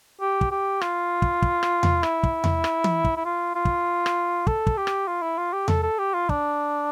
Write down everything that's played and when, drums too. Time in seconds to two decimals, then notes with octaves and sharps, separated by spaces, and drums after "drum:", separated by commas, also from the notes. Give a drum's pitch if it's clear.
0.20 G4
0.41 drum: kick
0.51 G4
0.81 F4, drum: rim click
1.22 drum: kick
1.42 drum: kick
1.63 drum: rim click
1.83 drum: tom E2
2.03 E4, drum: rim click
2.23 drum: kick
2.44 drum: tom E2
2.64 drum: rim click
2.84 drum: tom E3
3.04 drum: kick
3.17 E4
3.25 F4
3.55 F4
3.65 drum: kick
4.06 drum: rim click
4.47 A4, drum: kick
4.67 drum: kick
4.77 G4
4.87 drum: rim click
5.07 F4
5.22 E4
5.38 F4
5.53 G4
5.68 A4, drum: tom E2
5.83 A4
5.98 G4
6.14 F4
6.29 D4, drum: kick